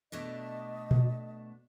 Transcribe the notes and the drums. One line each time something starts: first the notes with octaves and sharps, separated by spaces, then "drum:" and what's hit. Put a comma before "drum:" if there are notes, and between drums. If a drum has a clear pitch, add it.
B2 A3 D4 D#5
drum: tom A#2